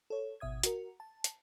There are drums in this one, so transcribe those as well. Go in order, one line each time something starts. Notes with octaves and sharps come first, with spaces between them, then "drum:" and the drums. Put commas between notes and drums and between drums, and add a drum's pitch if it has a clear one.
A4 C#5
G#1 B2 E5 D#6 G#6
F#4 A#4, drum: hi-hat
A5
drum: hi-hat